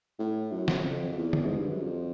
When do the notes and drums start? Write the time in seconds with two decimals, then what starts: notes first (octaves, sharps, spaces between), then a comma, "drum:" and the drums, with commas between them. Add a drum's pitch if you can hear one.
0.19 A2
0.52 F#2
0.68 drum: snare
0.84 F2
1.12 F2
1.16 E2
1.33 drum: tom
1.45 G#2
1.58 G2
1.70 F#2
1.82 F2